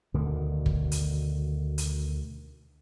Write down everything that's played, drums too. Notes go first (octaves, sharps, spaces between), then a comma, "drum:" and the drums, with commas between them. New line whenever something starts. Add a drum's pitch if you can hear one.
D2 B2 D3 D#3
drum: kick
drum: hi-hat
drum: hi-hat